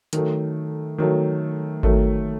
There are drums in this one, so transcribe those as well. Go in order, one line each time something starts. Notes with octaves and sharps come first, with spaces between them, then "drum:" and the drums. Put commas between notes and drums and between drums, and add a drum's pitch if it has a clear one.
D#3 F#3 A3, drum: hi-hat
D#3 F#3 A3
D#3 F#3 A3, drum: kick G#1